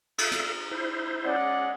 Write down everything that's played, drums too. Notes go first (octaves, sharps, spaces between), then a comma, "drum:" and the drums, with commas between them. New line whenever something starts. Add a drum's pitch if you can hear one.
A4 E5 F5, drum: cymbal
drum: hi-hat
E4 C5
G#3 C#4 D5 F#5